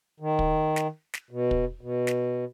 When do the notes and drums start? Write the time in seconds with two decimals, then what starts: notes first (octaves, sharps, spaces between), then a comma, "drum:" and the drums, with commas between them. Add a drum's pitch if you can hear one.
0.20 D#3
0.39 drum: kick
0.76 drum: snare
1.14 drum: snare
1.31 B2
1.51 drum: kick
1.81 B2
2.07 drum: snare